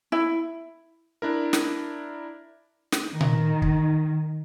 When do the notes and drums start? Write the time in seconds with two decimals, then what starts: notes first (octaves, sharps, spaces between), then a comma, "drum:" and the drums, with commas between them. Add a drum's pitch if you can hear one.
0.12 E4
1.22 D4 E4 A#4
1.53 drum: snare
2.92 drum: snare
3.11 D#3
3.21 drum: tom A#2
3.62 drum: kick